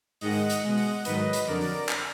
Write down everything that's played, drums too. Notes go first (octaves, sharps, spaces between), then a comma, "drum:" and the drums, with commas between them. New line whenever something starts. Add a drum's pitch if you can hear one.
G#2 D#3 G#3 D#5 F#5, drum: open hi-hat
drum: hi-hat
B2 G#3
drum: open hi-hat
G#2 D#3 F#3 B4 D#5, drum: hi-hat
drum: hi-hat
F2 D3 F#3 A#4 D5
drum: open hi-hat
drum: clap